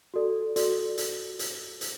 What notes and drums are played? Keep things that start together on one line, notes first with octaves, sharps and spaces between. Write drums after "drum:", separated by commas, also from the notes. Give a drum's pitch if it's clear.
F#4 A4 D5
F#4 A4 D5, drum: hi-hat
drum: hi-hat
drum: hi-hat
drum: hi-hat